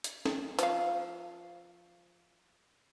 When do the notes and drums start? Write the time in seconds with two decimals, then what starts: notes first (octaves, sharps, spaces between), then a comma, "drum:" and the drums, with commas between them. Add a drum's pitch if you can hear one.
0.04 drum: hi-hat
0.26 drum: snare
0.59 F3 F5, drum: hi-hat